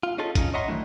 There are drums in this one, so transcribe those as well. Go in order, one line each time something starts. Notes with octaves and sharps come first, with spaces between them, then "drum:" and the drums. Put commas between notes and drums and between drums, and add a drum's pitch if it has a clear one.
F4
C#4 D#4 F4 G#4 A4
C#4 D#4 F4, drum: kick, hi-hat
C#5 D#5 E5 F#5 A#5 C6
D#3 E3 F#3 A3 D4 E4